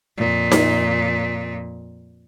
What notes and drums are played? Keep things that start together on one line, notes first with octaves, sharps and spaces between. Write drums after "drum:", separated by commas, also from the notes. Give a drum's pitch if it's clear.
F2 A#2
drum: snare D#4